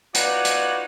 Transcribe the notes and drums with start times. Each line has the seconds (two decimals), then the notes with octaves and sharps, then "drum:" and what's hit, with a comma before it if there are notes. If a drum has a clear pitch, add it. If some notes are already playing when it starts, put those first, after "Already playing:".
0.14 D#4 F4 F#4 B4 C#5 D5, drum: hi-hat
0.45 drum: hi-hat